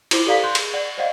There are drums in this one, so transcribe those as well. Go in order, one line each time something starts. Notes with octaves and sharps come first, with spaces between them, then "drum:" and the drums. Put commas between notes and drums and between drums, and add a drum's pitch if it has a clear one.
E4 F4 C5 D6 C7, drum: cymbal
G4 A4 D5 F5 A#5 B6
C6 F#6 G6
G#4, drum: cymbal
D5 F#5 F#7
C5 D5 D#5 F5 F#5